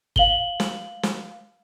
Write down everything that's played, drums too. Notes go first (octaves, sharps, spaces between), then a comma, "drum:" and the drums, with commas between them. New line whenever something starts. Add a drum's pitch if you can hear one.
F5 F#7 G7, drum: kick G1
drum: snare
drum: snare